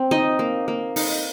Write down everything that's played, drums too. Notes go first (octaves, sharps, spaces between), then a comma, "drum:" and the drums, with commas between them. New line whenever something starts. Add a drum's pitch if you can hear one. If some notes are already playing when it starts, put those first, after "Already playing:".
Already playing: C4
D#4 D#5
A#3
A#3
D#4, drum: open hi-hat